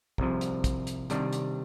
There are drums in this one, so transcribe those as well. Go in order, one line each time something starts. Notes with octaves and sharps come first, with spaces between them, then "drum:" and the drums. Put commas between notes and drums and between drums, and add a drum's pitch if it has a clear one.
C2 C3 F3, drum: kick
drum: hi-hat
drum: kick, hi-hat
drum: hi-hat
C3 D#3 G3 D4, drum: hi-hat
drum: hi-hat